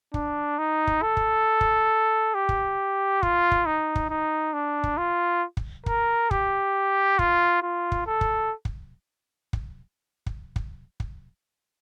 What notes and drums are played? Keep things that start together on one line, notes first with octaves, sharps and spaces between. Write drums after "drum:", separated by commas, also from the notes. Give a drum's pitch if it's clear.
D4, drum: kick
D#4
drum: kick
A4
drum: kick
drum: kick
G4
drum: kick
F4, drum: kick
drum: kick
D#4
drum: kick
D#4
D4
drum: kick
F4
drum: kick
A#4, drum: kick
G4, drum: kick
F4, drum: kick
F4
drum: kick
A4
drum: kick
drum: kick
drum: kick
drum: kick
drum: kick
drum: kick